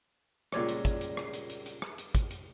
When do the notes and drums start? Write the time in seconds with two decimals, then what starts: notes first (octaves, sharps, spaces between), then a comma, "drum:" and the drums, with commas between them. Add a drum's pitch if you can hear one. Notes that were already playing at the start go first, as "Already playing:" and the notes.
0.52 C#2 A#2 G3 C#5 D5 C6, drum: rim click
0.69 drum: hi-hat
0.85 drum: kick, hi-hat
1.01 drum: hi-hat
1.17 drum: rim click
1.34 drum: hi-hat
1.50 drum: hi-hat
1.66 drum: hi-hat
1.82 drum: rim click
1.98 drum: hi-hat
2.15 drum: kick, hi-hat
2.31 drum: hi-hat